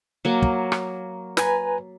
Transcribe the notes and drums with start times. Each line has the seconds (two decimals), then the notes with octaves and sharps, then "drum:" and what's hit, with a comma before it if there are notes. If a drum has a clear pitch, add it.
0.25 F#3 A#3
0.42 drum: kick
0.72 drum: rim click
1.37 B4 G#5 A#5, drum: snare